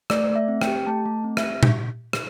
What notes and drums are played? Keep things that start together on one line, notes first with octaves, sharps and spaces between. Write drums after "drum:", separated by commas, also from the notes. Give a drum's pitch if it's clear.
A3 D5, drum: rim click
A3
E5
C4
G5, drum: rim click
G4
A3 A5
A3
C4
E5, drum: rim click
G4
drum: tom A#2
drum: rim click